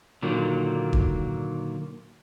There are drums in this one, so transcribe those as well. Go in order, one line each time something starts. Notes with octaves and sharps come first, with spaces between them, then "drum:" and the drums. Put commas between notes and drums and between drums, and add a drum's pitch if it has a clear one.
A#2 D3 D#3 F#3 A#3
drum: kick E1